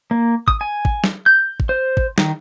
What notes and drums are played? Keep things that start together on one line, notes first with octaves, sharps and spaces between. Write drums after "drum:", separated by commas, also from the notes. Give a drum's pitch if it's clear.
A#3
D#6, drum: kick
G#5
drum: kick
drum: snare
G6
drum: kick
C5
drum: kick
D#3, drum: snare